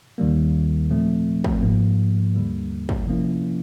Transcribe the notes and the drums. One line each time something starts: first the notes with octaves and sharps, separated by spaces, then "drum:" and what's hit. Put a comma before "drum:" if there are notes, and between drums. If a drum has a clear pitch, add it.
D#2 D#3 G3 A#3
A#2 F3 A3 C4
drum: kick
G#2 F3 A#3
D#2 D3 G3 A#3
drum: kick
C3 F3 A#3 C#4 E4